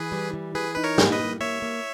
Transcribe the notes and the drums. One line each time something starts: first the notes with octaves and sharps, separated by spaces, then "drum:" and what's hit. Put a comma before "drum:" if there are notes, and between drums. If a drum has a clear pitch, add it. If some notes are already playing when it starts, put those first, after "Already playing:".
Already playing: E3 G#4 B4
G3
E3
E3 G#4 B4
D#4 B4
A#4 C#5
A#3, drum: snare
B4 D#5
G3
A#3 C#5 E5
A#3